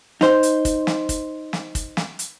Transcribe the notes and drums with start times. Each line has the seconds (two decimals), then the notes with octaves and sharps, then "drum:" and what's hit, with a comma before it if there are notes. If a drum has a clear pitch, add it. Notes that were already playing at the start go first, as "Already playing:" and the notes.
0.21 D#4 C5, drum: snare
0.43 drum: hi-hat
0.65 drum: kick, hi-hat
0.87 drum: snare
1.09 drum: kick, hi-hat
1.53 drum: snare
1.75 drum: kick, hi-hat
1.97 drum: snare
2.19 drum: hi-hat